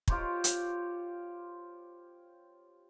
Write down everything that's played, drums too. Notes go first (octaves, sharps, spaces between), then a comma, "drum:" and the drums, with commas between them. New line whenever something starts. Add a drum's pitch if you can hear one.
F4 G4 C5 C#5, drum: kick
drum: hi-hat